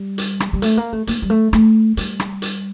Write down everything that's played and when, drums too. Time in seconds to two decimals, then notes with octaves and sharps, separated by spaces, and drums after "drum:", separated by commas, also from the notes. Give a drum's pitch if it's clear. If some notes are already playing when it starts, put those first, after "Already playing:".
Already playing: G3
0.18 drum: hi-hat
0.40 drum: rim click
0.53 G3
0.62 A3, drum: hi-hat
0.77 A#3
0.93 A3
1.07 A#3, drum: hi-hat
1.22 G3
1.30 A3
1.53 A3, drum: rim click
1.97 G3, drum: hi-hat
2.20 drum: rim click
2.42 drum: hi-hat